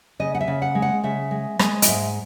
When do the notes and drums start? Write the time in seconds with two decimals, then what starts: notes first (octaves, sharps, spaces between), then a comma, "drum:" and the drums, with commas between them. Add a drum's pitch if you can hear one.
0.19 C#3 D#5
0.35 F#5
0.41 E5
0.48 C#3
0.62 F#5
0.75 G#3
0.82 F#5
1.04 C#3 E5
1.31 G#3
1.59 G#3, drum: rim click
1.82 D#5, drum: hi-hat
1.87 G#2 E5